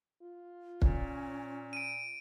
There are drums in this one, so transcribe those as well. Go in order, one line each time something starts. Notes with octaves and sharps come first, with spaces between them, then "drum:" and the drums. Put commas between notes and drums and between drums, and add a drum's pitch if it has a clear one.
F4
A#2 C#4, drum: kick
D7 D#7